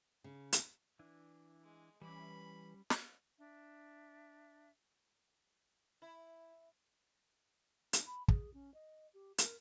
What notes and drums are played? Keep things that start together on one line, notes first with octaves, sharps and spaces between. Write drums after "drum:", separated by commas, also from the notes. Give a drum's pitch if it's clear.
C#3
drum: hi-hat
E3 D4 E4
G#3
E3 G3 C#4 B5 D6
drum: snare
D4 E5
E4
D4, drum: hi-hat
B5
G#4, drum: kick
C#4
D#5
G4
A#4, drum: hi-hat